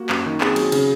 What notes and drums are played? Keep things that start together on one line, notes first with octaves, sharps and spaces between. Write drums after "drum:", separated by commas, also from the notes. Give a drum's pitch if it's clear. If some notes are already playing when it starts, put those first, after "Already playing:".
Already playing: A#3 F#4
F#2, drum: clap
D#3
C4 G#4, drum: clap
F#3, drum: cymbal
C#3, drum: cymbal